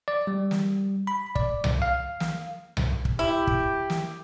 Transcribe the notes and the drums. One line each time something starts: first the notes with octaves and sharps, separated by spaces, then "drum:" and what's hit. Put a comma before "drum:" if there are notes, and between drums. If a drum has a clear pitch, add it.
D5
G3
drum: snare
B5
D5, drum: kick
drum: tom C2
F5
drum: snare
drum: tom C2
drum: kick
E4 G4
drum: kick
drum: snare